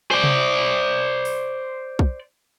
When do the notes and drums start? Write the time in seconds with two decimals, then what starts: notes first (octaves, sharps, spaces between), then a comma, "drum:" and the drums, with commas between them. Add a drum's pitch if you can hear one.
0.11 C5 D5
0.24 drum: tom C3
1.25 drum: open hi-hat
1.99 drum: kick